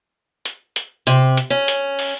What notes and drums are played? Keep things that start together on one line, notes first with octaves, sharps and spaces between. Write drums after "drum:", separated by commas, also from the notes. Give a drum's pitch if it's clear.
drum: hi-hat
drum: hi-hat
C3
drum: hi-hat
C#4
drum: hi-hat
drum: open hi-hat